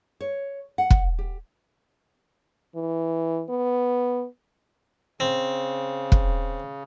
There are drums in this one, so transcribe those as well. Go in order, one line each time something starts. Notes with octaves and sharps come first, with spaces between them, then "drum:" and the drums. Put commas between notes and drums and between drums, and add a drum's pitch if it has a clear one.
C#5
F#5
drum: kick
G4
E3
B3
C#3 C4
drum: kick